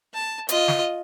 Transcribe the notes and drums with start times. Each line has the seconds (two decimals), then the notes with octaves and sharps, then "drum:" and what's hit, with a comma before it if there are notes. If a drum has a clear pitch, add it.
0.13 A5
0.49 F4 D#5, drum: hi-hat
0.68 drum: snare